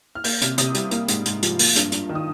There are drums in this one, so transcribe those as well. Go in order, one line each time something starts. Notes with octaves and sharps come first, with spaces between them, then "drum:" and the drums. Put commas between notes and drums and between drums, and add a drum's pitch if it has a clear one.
F6
A#3 G6, drum: open hi-hat
C3, drum: hi-hat
C3 D#6, drum: hi-hat
G3, drum: hi-hat
A#3, drum: hi-hat
G#2, drum: hi-hat
G#2, drum: hi-hat
F3, drum: hi-hat
A#3, drum: open hi-hat
G2, drum: hi-hat
G2, drum: hi-hat
D#3
D#6